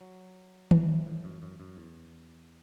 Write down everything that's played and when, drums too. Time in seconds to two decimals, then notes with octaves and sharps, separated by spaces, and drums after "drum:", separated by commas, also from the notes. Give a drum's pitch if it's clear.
0.01 F#3
0.71 E3, drum: tom D#3
1.06 A2
1.24 F#2
1.42 F#2
1.60 F#2
1.77 E2